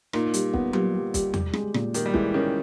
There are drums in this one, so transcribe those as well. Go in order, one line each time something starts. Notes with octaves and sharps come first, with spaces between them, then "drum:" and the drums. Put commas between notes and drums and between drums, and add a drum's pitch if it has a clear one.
A#2 D#4, drum: rim click
G3, drum: hi-hat
B3, drum: kick
A#2 G3, drum: tom F#3
G3
G3, drum: kick, hi-hat
G4, drum: tom E2
G#3, drum: rim click
A#2, drum: rim click
D#3 G4, drum: hi-hat
G3
E3 G#3, drum: kick
D#3 C#4